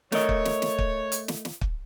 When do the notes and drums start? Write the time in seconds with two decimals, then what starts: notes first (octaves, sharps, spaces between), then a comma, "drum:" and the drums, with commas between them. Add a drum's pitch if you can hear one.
0.12 A3 A#4 C#5 D#5, drum: snare
0.29 drum: kick
0.45 drum: snare
0.62 drum: snare
0.79 drum: kick
1.12 drum: hi-hat
1.28 drum: snare
1.45 drum: snare
1.61 drum: kick